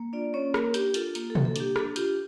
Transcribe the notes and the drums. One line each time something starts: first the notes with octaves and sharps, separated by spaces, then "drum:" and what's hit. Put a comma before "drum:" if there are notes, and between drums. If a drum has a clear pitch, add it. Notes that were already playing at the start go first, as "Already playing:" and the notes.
Already playing: A#3
D4 F4 D5
A#3 C#4 C#5
A#3 A#4, drum: rim click
D4 G4, drum: hi-hat
F4 A4, drum: hi-hat
A#3, drum: hi-hat
A4
A#3, drum: tom B2
A4
D4 G4, drum: hi-hat
D4 A4, drum: rim click
F4 G4, drum: hi-hat